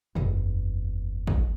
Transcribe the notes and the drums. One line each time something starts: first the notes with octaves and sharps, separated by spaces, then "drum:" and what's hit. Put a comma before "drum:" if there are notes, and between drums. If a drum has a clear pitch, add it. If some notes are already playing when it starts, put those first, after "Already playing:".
F#1 E2, drum: tom
drum: kick